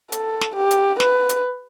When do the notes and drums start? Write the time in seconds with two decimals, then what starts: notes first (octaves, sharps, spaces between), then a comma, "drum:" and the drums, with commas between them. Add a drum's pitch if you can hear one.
0.12 A4, drum: hi-hat
0.41 drum: snare
0.56 G4
0.71 drum: hi-hat
1.00 B4, drum: snare
1.29 drum: hi-hat